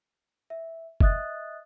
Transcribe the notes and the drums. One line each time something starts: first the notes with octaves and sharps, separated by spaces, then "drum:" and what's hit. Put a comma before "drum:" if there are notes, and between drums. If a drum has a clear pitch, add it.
E5
D#5 E5 D#6 F#6 A6, drum: kick F1